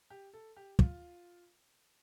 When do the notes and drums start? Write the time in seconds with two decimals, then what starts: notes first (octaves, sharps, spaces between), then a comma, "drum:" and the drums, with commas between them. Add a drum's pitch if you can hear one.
0.10 G4
0.33 A4
0.56 G4
0.79 F4, drum: kick